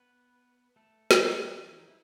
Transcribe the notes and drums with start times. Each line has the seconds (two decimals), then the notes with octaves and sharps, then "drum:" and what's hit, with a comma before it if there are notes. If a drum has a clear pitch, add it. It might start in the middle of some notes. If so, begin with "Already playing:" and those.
Already playing: B3 B4
0.76 A3 A4
1.11 drum: snare
1.44 G3 G4
1.56 F3 F4
1.68 E3 E4
1.79 D#4
1.88 E4